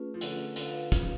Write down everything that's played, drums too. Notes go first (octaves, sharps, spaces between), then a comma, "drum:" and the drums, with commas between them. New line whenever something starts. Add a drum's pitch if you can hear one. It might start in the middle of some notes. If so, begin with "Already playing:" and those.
Already playing: A3 C#4 F4 G#4 B4
F3
D3, drum: hi-hat
D3 F4 B4 F5, drum: hi-hat
C#3 F3, drum: kick, hi-hat